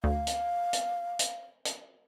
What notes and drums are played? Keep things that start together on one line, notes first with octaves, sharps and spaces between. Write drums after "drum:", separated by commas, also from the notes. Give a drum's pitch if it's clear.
D2 F5
drum: hi-hat
drum: hi-hat
drum: hi-hat
drum: hi-hat